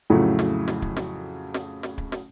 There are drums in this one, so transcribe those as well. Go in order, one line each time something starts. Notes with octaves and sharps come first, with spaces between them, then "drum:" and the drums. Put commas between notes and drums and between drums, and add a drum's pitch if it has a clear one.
F2 A2 C#3 F#3 A3
drum: snare
drum: snare
drum: kick
drum: snare
drum: snare
drum: snare
drum: kick
drum: snare